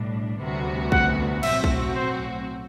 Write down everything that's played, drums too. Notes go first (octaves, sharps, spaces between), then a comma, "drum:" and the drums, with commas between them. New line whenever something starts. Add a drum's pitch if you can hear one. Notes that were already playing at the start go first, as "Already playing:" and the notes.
Already playing: B1 A2 G3 D4
D2 C3 G3 B3 F#4
F#5, drum: kick A#1
B1 A2 F#3 C4 F#4 E5, drum: cymbal
drum: kick A#1
C5